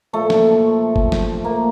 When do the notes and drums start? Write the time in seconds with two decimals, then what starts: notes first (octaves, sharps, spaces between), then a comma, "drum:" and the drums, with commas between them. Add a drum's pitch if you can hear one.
0.13 A#2 F3 A3
0.30 drum: snare
0.96 drum: kick F#1
1.12 drum: snare
1.45 A#3